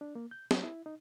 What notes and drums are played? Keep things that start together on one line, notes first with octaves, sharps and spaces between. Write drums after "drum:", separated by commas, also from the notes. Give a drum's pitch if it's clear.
D4
A#3
G6
F#3, drum: snare
E4
D#4